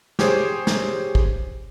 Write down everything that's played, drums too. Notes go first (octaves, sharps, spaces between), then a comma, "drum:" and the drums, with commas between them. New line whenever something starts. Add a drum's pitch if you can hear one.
G4 G#4 C5 C#5, drum: snare
drum: snare
drum: kick